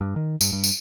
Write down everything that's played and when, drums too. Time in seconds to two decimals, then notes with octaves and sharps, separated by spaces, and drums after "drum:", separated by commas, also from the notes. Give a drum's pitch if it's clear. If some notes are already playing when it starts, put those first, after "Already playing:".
0.01 G2
0.16 D#3
0.41 G2, drum: tambourine
0.53 G2
0.64 drum: tambourine